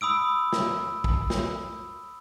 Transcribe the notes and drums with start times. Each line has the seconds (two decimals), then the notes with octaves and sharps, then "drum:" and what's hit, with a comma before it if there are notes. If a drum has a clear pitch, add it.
0.01 B5 D#6 E6 D7
0.53 drum: snare
1.04 drum: kick
1.30 drum: snare